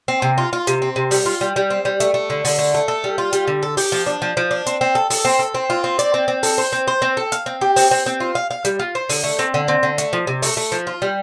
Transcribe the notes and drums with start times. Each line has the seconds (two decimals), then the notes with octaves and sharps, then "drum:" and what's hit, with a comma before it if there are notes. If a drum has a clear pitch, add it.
0.08 C4
0.22 C3
0.38 F4
0.53 F4
0.67 C3, drum: hi-hat
0.82 C4
0.96 C3
1.11 G3, drum: open hi-hat
1.26 F4
1.41 G3
1.56 G3
1.70 C4
1.85 G3
2.00 A3, drum: hi-hat
2.14 A3
2.30 D3
2.45 D3, drum: open hi-hat
2.59 A3
2.74 A3
2.88 A4
3.04 G3
3.18 F4
3.33 G3, drum: hi-hat
3.48 D3
3.63 A4
3.77 G4, drum: open hi-hat
3.92 F3
4.06 D4
4.22 F3
4.37 F3
4.51 D4
4.66 C4, drum: hi-hat
4.81 C4
4.95 A4
5.10 A4, drum: open hi-hat
5.25 C4
5.39 A4
5.54 C4
5.70 F4
5.84 C4
5.99 D5, drum: hi-hat
6.14 C4
6.28 C4
6.43 A4, drum: open hi-hat
6.58 C5
6.73 C4
6.88 C5
7.02 C4
7.17 A4
7.32 F5, drum: hi-hat
7.46 C4
7.61 G4
7.76 C4, drum: open hi-hat
7.91 C4
8.06 C4
8.20 F4
8.35 F5
8.51 F5
8.65 G3, drum: hi-hat
8.79 F4
8.95 C5
9.09 D3, drum: open hi-hat
9.24 A3
9.39 C4
9.54 D3
9.68 C4
9.83 D3
9.98 A3, drum: hi-hat
10.13 F3
10.27 C3
10.42 A3, drum: open hi-hat
10.57 A3
10.72 F3
10.87 F4
11.02 G3